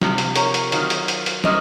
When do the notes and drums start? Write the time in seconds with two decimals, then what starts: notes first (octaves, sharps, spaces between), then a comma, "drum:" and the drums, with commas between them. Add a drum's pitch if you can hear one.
0.01 C3 F3, drum: snare
0.18 drum: hi-hat
0.36 A#4 C#5, drum: hi-hat
0.54 drum: hi-hat
0.72 D#3 F#3 C4 F4, drum: hi-hat
0.90 drum: hi-hat
1.08 drum: hi-hat
1.26 drum: hi-hat
1.44 A#3 C#4 C5 D#5, drum: snare